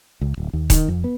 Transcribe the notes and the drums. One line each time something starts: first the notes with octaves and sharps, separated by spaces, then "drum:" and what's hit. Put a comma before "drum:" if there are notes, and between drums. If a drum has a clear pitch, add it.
C#2
D1
D#2
D#3, drum: kick D#1, hi-hat
F2
B3